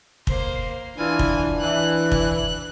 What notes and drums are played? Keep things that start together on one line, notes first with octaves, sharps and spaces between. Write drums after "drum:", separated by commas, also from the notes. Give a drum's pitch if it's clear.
A#3 C5, drum: kick
E3 D4 F4 G#5
drum: kick
E3 F#6
drum: kick